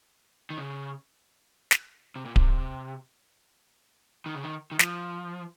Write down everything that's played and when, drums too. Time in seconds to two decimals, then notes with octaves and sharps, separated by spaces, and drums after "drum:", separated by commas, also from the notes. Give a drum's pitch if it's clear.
0.50 D#3
0.58 C#3
1.71 drum: snare
2.16 C3
2.25 A#2
2.36 C3, drum: kick D1
4.26 D#3
4.35 C#3
4.43 D#3
4.72 D#3
4.79 F3, drum: snare